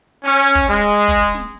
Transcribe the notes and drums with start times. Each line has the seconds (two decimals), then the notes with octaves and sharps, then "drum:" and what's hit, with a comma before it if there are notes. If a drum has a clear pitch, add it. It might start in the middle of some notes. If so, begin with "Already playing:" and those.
0.24 C#4
0.55 drum: kick, hi-hat
0.68 G#3
0.82 drum: open hi-hat
1.08 drum: kick, hi-hat
1.34 drum: snare